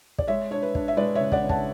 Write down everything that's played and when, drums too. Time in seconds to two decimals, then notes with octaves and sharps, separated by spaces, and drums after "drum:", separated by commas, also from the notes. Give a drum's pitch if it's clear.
0.18 D5, drum: kick
0.27 G#3 C#5 E5
0.51 D4 C#5
0.62 B4
0.75 D4, drum: kick
0.88 E5
0.97 G#3 B4 D5
1.15 C#3 C#5 E5
1.32 D5 F#5, drum: kick
1.43 C#3
1.49 F#5 A5, drum: kick